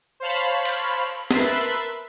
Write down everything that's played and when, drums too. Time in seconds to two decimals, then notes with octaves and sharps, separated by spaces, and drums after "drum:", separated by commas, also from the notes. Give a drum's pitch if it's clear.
0.20 C5 C#5 F5 A5 B5
0.65 drum: cymbal
1.31 A#4 B4 E5 A5 B5 C6, drum: snare
1.61 drum: hi-hat